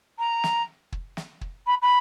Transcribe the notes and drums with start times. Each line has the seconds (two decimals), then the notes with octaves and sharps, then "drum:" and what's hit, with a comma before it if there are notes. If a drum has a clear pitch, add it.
0.19 A#5
0.44 drum: snare
0.92 drum: kick
1.17 drum: snare
1.41 drum: kick
1.66 B5
1.82 B5